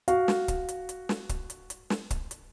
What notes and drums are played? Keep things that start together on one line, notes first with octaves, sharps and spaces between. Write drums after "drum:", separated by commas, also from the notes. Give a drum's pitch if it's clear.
F#4 F5, drum: hi-hat
drum: snare
drum: kick C#1, hi-hat
drum: hi-hat
drum: hi-hat
drum: snare
drum: kick C#1, hi-hat
drum: hi-hat
drum: hi-hat
drum: snare
drum: kick C#1, hi-hat
drum: hi-hat